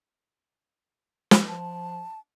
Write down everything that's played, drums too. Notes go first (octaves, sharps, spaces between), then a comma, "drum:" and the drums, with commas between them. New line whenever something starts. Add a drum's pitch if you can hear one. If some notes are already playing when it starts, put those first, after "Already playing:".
drum: snare
F3 A5